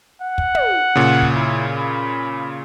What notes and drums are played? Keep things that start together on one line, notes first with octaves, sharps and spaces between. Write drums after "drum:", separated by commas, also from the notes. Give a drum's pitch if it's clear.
F#5
drum: kick
drum: tom
A#2 C#3
drum: kick
E4
B5